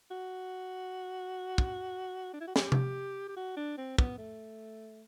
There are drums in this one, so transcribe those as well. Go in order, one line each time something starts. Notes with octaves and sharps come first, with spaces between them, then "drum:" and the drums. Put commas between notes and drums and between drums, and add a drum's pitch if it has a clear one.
F#4
drum: kick
D4
E4
F#4
G4, drum: snare
drum: tom C3
G4
F#4
D4
C4
B3, drum: kick
A3